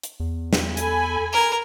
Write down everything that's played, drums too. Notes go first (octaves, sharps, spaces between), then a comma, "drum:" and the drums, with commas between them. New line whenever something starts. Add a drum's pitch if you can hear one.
drum: hi-hat
E2
drum: snare
A4 G#5 B5, drum: hi-hat
A#4